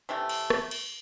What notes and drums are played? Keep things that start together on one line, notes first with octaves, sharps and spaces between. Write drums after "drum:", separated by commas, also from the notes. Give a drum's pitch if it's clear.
C3 E3 A3
drum: cymbal
drum: rim click
drum: cymbal